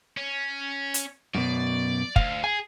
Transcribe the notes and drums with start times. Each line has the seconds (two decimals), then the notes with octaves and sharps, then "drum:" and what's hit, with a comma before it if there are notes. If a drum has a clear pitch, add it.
0.17 C#4
0.94 drum: hi-hat
1.35 F#2 B2 D5
2.16 D2 F5, drum: kick
2.44 G#4 G#5